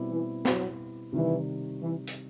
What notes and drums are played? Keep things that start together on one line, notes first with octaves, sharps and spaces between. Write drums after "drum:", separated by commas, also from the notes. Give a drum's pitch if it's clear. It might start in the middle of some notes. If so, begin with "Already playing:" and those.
Already playing: B2 G3 C4 E4 G4
E3
F#3, drum: snare
C3 D#3 E3 G3
E3
drum: hi-hat